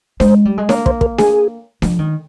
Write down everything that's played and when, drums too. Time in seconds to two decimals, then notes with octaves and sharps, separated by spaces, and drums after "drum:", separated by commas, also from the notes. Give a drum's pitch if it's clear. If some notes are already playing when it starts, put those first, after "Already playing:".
0.20 G#3 C5, drum: snare D4
0.45 G3
0.58 G#3
0.69 A#3 C#5, drum: snare D4
0.86 C5, drum: kick
1.01 A#4, drum: kick
1.18 G#4, drum: snare D4
1.82 F3, drum: snare D4
1.99 D#3